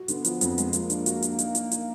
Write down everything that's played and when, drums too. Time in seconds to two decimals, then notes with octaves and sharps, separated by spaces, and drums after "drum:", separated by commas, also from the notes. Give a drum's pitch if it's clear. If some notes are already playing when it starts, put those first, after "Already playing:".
Already playing: F#4
0.08 D3 B3, drum: hi-hat
0.24 F3, drum: hi-hat
0.41 F2, drum: hi-hat
0.58 G#3, drum: hi-hat
0.73 F3 A#3, drum: hi-hat
0.90 D4, drum: hi-hat
1.06 F#4, drum: hi-hat
1.22 D4, drum: hi-hat
1.39 D#4, drum: hi-hat
1.55 D#4, drum: hi-hat
1.71 D#4, drum: hi-hat